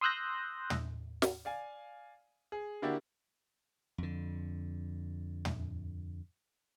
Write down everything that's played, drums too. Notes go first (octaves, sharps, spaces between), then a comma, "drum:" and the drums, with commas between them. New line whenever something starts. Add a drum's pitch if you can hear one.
C6 D#6 E6 F#6 G6 A#6
drum: tom
drum: snare
D5 F5 G#5
G#4
D3 A#3 D4 E4 F#4 G4
F2 D3
drum: tom